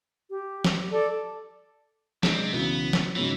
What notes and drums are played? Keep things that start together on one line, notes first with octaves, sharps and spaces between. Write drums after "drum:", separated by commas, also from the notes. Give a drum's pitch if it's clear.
G4
drum: snare
A4 D5
C3 G#3 C4 D4, drum: snare
B1 C#3 E3 B3
drum: snare
G#2 C#3 E3 F#3